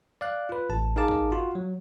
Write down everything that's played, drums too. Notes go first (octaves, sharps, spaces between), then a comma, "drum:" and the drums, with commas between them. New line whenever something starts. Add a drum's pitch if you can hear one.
D5 F5 F#6
F4 B4
A1 A5
D#4 G#4 A#4 F5 A5 D6
drum: kick
F4 F#4
F#3